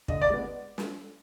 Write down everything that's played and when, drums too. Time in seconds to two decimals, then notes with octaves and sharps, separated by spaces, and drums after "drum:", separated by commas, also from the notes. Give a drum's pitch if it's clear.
0.08 D3 D#5, drum: kick
0.21 D5
0.30 G#3 B3
0.78 drum: snare